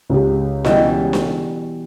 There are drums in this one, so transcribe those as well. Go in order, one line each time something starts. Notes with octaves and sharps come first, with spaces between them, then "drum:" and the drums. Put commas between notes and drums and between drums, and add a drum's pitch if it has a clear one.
C#2 G4
B2 E3 G3, drum: snare D4
drum: snare D4